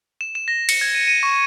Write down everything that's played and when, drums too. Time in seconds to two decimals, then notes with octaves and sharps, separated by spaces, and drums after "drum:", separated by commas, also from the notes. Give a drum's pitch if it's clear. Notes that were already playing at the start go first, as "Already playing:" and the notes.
0.21 E7
0.35 E7
0.48 A#6
0.69 C#7, drum: cymbal
0.81 G#6
0.95 D#7
1.08 D#7
1.23 C#6